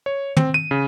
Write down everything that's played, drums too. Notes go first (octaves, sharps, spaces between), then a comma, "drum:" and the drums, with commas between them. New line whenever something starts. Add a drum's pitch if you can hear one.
C#5
C4, drum: tom
D#7
C#3